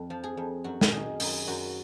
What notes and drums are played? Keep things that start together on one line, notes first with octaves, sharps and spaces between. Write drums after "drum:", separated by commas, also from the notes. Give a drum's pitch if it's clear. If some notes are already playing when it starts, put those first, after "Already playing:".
Already playing: F2
F3
G#4
F2
F#2 F#4
drum: snare
D#3 G#4
F#2 G#4, drum: open hi-hat
F#2 F#4